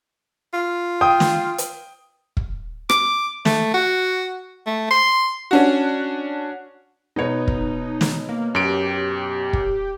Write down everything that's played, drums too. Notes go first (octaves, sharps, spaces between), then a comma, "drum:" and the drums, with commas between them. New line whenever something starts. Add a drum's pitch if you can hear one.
F4
G5 D#6
drum: snare
drum: hi-hat
drum: kick
D6, drum: rim click
A3, drum: snare
F#4
A3
C6
C#4 D4 F#4
B2 B3 D#4 C#5
drum: kick
drum: snare
A#3
F#2 G4 D7
drum: kick